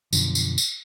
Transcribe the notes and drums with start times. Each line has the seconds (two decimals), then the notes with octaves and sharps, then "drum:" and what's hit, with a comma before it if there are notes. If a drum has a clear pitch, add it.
0.13 F#2 B2 D3 F3, drum: tambourine
0.35 drum: tambourine
0.58 drum: tambourine